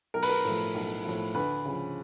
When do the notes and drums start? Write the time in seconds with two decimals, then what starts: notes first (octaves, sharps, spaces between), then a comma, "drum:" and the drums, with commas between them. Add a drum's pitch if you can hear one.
0.14 B1 A#4
0.23 B4, drum: open hi-hat
0.29 A#4
0.45 A2 F3
0.75 B1
1.05 A2 F3
1.34 D2 B4
1.65 C#3 F3